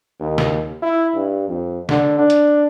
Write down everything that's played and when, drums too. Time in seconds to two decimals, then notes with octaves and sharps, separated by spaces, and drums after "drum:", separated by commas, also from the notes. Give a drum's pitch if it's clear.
0.20 D#2
0.38 drum: snare
0.82 E4
1.15 G2
1.48 F2
1.89 D3, drum: snare
2.18 D4
2.30 drum: hi-hat